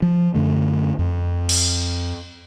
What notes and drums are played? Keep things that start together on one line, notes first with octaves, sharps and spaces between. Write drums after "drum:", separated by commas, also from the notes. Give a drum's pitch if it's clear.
F3
F#2 D3 A3
F2
drum: cymbal